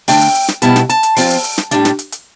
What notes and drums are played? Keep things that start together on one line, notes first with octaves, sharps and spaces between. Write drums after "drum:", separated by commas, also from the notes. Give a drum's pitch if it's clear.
D3 A3 D4 G5, drum: open hi-hat
drum: hi-hat
drum: hi-hat
drum: snare
B2 G3 B3 E4 A5, drum: hi-hat
drum: snare
A5, drum: hi-hat
drum: hi-hat
F3 C4 F4, drum: open hi-hat
drum: hi-hat
drum: hi-hat
drum: snare
A2 G3 D4, drum: hi-hat
drum: snare
drum: hi-hat
drum: hi-hat